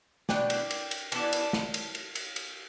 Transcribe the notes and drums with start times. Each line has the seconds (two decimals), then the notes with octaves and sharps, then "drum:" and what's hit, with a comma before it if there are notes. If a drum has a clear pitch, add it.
0.29 B2 B3 D4 G5, drum: snare
0.50 drum: cymbal
0.71 drum: cymbal
0.91 drum: cymbal
1.12 E3 B3 D4 A5, drum: cymbal
1.33 drum: cymbal
1.53 drum: snare
1.74 drum: cymbal
1.95 drum: cymbal
2.15 drum: cymbal
2.36 drum: cymbal